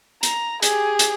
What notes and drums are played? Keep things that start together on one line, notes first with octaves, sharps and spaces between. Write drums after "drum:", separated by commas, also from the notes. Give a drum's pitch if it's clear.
A#5, drum: hi-hat
G4 G#4, drum: hi-hat
drum: hi-hat